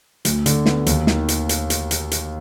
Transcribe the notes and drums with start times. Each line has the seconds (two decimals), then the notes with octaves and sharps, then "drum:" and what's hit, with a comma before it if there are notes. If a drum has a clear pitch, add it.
0.25 D2, drum: hi-hat
0.46 D3, drum: hi-hat
0.66 B3, drum: snare
0.86 D#2, drum: hi-hat
1.07 D#3, drum: snare
1.28 drum: hi-hat
1.49 drum: hi-hat
1.70 drum: hi-hat
1.91 drum: hi-hat
2.11 drum: hi-hat